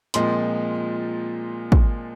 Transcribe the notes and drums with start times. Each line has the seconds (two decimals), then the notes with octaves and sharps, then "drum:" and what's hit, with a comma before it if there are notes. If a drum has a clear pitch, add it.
0.14 A#2 F3 G#3 C4 C6, drum: hi-hat
1.72 drum: kick